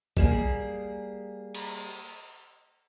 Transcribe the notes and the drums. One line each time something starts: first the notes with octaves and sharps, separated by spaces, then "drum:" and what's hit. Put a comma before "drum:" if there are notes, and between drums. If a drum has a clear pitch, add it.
G3 A#3 G#4, drum: kick
drum: cymbal